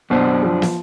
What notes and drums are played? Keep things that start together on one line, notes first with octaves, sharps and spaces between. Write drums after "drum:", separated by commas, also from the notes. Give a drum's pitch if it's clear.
F#2 B2 D4 C5
F3
drum: snare